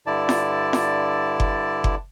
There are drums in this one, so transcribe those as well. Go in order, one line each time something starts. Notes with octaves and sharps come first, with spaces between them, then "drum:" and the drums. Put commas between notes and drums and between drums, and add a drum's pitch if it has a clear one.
G2 D3 E4 D5 A5
drum: snare
drum: snare
drum: kick F#1
drum: kick F#1